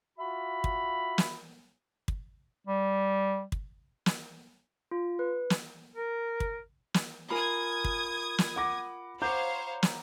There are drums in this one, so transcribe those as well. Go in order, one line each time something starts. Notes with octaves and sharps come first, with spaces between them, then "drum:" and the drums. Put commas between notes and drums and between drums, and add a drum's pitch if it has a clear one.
F4 F#4 E5 B5
drum: kick
drum: snare
drum: kick
G3
drum: kick
drum: snare
F4
B4
drum: snare
A#4
drum: kick
drum: snare
F4 A#4 G#5 B5 D#6 G#6
drum: kick
drum: snare
F#5 D6 A#6
C5 C#5 F5 F#5 A#5 D6 G6
drum: snare